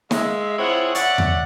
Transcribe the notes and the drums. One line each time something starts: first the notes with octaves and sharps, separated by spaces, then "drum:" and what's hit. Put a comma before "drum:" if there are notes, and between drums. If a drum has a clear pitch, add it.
G#3 E5 F5, drum: snare
C4 E4 F4 G#4 C#5 F#5
C#5 D5 E5 F#5, drum: hi-hat
drum: tom E2